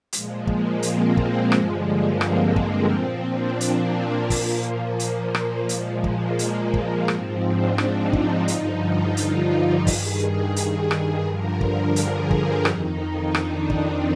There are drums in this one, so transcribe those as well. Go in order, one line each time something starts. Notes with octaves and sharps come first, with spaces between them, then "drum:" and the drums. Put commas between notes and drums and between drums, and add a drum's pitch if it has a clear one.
A#2 F3 G#3, drum: hi-hat
A#3, drum: kick
C4, drum: hi-hat
G#3, drum: kick
G2 D3 F3, drum: rim click
A#3
C4, drum: rim click
drum: kick
A#2 F3
D4
A#3, drum: hi-hat
A#2 F3, drum: kick, open hi-hat
A#3
A#3, drum: hi-hat
A#3, drum: rim click
A#2 F3 G#3, drum: hi-hat
A#3, drum: kick
G#3, drum: hi-hat
drum: kick
G#2 F3 C4, drum: rim click
D4
D#4, drum: rim click
D4, drum: kick
G2 D3 F3 D#4, drum: hi-hat
F4
F4, drum: hi-hat
F4
G2 D#3 G#4, drum: kick, open hi-hat
drum: hi-hat
G#4, drum: rim click
G2 D3 F3 A#4
A#4, drum: kick
G#4, drum: hi-hat
G4, drum: kick
F2 D#3 D#4, drum: rim click
D#4
D4, drum: rim click
C4, drum: kick